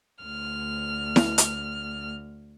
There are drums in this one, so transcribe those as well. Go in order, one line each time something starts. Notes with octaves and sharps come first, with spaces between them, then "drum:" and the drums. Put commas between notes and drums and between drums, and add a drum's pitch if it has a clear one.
D2 F6
drum: snare E4
drum: hi-hat